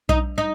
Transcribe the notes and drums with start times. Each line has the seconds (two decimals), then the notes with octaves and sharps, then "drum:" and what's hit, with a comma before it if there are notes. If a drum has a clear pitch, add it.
0.09 D#4, drum: kick B1
0.38 D#4